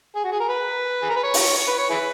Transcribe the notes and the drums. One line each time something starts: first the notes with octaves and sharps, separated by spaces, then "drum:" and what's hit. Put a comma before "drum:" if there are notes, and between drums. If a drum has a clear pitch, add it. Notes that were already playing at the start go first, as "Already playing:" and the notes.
G#4
F#4
G#4
A#4
B4
G#4
A#4
B4
C#5
drum: open hi-hat
C#5
B4
C#5
E4 G#4 B4